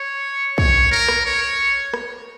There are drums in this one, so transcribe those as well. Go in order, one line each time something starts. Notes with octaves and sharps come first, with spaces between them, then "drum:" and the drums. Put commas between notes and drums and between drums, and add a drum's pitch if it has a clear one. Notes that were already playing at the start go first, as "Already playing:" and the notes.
Already playing: C#5
C#5, drum: kick
A#4
drum: rim click
C#5
drum: rim click